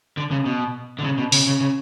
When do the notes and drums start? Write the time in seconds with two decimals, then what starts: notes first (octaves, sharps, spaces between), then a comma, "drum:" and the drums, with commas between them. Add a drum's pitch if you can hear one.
0.17 D3
0.31 C#3
0.45 B2
0.99 D3
1.04 C#3
1.18 B2
1.32 C#3, drum: open hi-hat
1.47 C#3
1.61 C#3